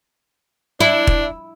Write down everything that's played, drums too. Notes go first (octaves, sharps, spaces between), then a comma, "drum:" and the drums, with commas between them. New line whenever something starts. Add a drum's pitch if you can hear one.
D4 E4
drum: kick E1